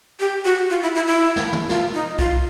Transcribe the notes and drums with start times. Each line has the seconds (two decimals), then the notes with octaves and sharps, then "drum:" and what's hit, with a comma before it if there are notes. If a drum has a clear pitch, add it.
0.20 G4
0.45 F#4
0.70 F4
0.82 E4
0.95 E4
1.07 E4
1.36 drum: snare
1.53 drum: tom
1.69 F4, drum: snare
1.94 D#4
2.19 F4, drum: kick C2